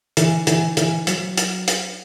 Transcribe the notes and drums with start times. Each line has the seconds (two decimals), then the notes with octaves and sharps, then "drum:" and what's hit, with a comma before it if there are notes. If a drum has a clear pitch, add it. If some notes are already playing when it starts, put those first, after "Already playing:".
0.17 E3, drum: hi-hat
0.47 E3, drum: hi-hat
0.77 E3, drum: hi-hat
1.07 F#3, drum: hi-hat
1.37 drum: hi-hat
1.68 drum: hi-hat